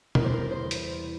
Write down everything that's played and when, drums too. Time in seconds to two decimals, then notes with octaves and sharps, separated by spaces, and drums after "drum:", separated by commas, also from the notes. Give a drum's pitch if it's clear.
0.15 E2 E3 G3 A#4, drum: tom B2
0.24 C5
0.34 A#4
0.51 C5
0.71 drum: hi-hat